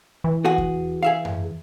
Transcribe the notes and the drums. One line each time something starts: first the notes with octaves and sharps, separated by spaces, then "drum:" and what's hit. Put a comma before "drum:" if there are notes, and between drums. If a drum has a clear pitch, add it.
E3
F#4 G#4 F#5
drum: kick E2
G#4 E5 F5
drum: tom F#2